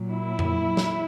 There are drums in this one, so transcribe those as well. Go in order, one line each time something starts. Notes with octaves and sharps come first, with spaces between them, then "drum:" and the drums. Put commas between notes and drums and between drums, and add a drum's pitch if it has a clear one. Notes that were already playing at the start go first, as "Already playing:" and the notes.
Already playing: A#2 F#3
E4
drum: tom F2
drum: snare